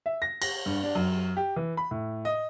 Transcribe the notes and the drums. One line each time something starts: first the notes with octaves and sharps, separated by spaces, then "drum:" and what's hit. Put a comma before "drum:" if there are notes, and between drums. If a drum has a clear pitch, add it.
E5
A#6
A#6, drum: cymbal
G2
D4
F#2
G4
E3
B5
A2
D#5